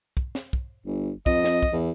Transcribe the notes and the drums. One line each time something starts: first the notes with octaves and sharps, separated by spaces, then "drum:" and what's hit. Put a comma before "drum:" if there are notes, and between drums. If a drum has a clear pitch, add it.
drum: kick
drum: snare
drum: kick
G1
F2 D#5, drum: kick
drum: snare
drum: kick
E2